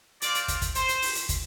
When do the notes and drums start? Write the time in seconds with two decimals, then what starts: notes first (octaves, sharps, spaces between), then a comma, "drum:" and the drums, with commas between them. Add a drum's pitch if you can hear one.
0.22 C4 F4 D5, drum: hi-hat
0.35 drum: hi-hat
0.48 drum: kick, hi-hat
0.62 drum: kick, hi-hat
0.75 C5, drum: hi-hat
0.89 drum: hi-hat
1.02 drum: open hi-hat
1.16 drum: hi-hat
1.29 drum: kick, hi-hat